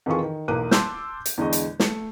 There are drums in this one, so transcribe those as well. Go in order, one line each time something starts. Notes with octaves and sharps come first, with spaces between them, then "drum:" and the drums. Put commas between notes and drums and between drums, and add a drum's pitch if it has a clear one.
F2 D#3 E3 F4 G#4 C#6
D#3
B1 E2 A#3 D6 F#6 D#7
A5 C6 D6 E6 G6, drum: snare
drum: hi-hat
E2 D3 G#3 D#5 C#6
drum: hi-hat
A3 C#7, drum: snare